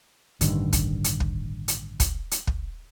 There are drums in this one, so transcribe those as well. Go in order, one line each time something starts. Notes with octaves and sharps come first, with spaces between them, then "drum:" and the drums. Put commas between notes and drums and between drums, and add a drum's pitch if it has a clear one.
A1 G2 D3 D#3, drum: hi-hat
drum: kick, hi-hat
drum: hi-hat
drum: kick
drum: hi-hat
drum: kick, hi-hat
drum: hi-hat
drum: kick